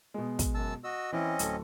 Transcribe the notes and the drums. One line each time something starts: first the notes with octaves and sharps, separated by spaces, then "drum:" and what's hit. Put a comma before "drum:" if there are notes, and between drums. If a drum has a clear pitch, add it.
B2 G#3
drum: kick, hi-hat
F#2 A5 E6
F#4 D#5 E6
E3 C4 C#4 E4 D#5
D1 A4, drum: hi-hat